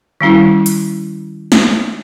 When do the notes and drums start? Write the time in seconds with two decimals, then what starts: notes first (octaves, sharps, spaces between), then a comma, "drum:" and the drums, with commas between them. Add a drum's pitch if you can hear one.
0.21 D#3 G3 C#4 E4
0.66 drum: hi-hat
1.52 drum: snare